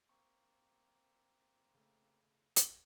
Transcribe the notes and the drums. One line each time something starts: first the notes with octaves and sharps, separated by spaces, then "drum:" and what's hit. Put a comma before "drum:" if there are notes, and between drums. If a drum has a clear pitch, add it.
A#3 C4 C#6
C#3 A3
drum: hi-hat